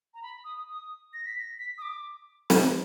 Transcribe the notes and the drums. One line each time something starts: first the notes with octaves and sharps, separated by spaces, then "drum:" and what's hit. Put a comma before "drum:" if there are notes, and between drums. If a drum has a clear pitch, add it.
A#5
B5
D#6
D#6
A#6
B6
A#6
B6
D#6
D6
B5, drum: snare